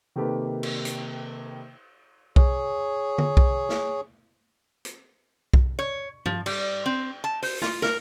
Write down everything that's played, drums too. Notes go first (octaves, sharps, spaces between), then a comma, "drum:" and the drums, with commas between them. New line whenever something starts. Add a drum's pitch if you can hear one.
C3 D#3 A#3 G4 A4 B4
drum: cymbal
drum: hi-hat
G#4 C#5, drum: kick B1
drum: tom D3
drum: kick B1
drum: snare
drum: hi-hat
drum: kick B1
C#5
F3, drum: tom G2
G3, drum: cymbal
C4
A5
C5, drum: open hi-hat
F4, drum: snare
A#4, drum: snare